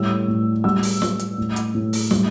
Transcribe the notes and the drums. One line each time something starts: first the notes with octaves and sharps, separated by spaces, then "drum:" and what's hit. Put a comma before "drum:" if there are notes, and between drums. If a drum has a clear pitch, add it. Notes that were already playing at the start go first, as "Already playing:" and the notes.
Already playing: A2 G3 E6
A2
G3 E6
drum: open hi-hat
G3, drum: snare
drum: hi-hat
A2
drum: hi-hat
A2
drum: open hi-hat
G3, drum: snare